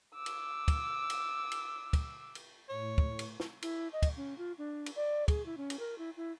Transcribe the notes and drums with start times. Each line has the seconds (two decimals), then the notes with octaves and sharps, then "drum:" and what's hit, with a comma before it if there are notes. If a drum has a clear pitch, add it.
0.15 D6 E6
0.26 drum: cymbal
0.68 drum: kick, cymbal
1.10 drum: cymbal
1.51 drum: cymbal
1.93 drum: kick, cymbal
2.35 drum: cymbal
2.69 A2 C#5
2.98 drum: kick
3.19 drum: cymbal
3.40 drum: snare
3.62 E4, drum: cymbal
3.93 D#5
4.03 drum: kick, cymbal
4.17 C#4
4.38 F4
4.58 D4
4.86 drum: cymbal
4.96 D5
5.28 G#4, drum: kick, cymbal
5.46 E4
5.57 C#4
5.70 drum: cymbal
5.79 A#4
5.98 E4
6.17 E4